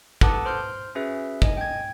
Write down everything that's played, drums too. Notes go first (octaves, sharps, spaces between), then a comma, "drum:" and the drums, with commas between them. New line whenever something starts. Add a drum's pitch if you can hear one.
A4 B4 F#5 A5 D6 D#6, drum: kick
C5 C6 F6 G6
C#4 F#4 G#4 B4 E5
D#5 G#5, drum: kick
G5 G#6